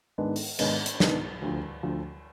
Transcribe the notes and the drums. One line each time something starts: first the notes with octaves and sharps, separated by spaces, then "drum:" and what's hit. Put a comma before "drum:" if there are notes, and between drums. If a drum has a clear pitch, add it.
G#2 D#3 G#3 B3 D4
drum: open hi-hat
G#2 D#3 G#3 B3 D4, drum: cymbal
drum: hi-hat
G#2 D#3 G#3 B3 D4, drum: snare
D2 D3 F3
D2 D3 F3